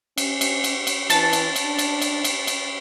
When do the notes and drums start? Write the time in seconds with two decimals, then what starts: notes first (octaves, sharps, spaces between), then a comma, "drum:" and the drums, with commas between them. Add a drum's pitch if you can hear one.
0.18 C#4, drum: cymbal
0.41 drum: cymbal
0.64 drum: cymbal
0.87 drum: cymbal
1.10 E3 A5 A6, drum: cymbal
1.33 drum: cymbal
1.56 drum: cymbal
1.65 D4
1.79 drum: cymbal
2.01 drum: cymbal
2.24 drum: cymbal
2.47 drum: cymbal